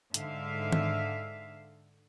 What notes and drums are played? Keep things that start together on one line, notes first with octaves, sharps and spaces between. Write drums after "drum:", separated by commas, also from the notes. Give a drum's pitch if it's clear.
G#2 D3 E5 F5, drum: hi-hat
drum: tom D#3